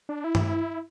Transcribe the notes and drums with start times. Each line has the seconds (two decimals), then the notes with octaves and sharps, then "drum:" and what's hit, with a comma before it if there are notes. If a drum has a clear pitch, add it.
0.09 D4
0.24 E4
0.35 drum: tom G2